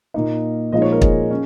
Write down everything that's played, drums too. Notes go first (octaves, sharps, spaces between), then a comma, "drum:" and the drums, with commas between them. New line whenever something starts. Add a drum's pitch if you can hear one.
A#2 A#3 D#4
A#2 F3 G#3 D#4 D#5
C#5
A#4
G#4, drum: kick
C#4